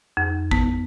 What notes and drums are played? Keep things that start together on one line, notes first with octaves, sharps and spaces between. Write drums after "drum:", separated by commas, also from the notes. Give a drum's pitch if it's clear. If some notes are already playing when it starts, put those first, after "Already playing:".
F2
B3, drum: kick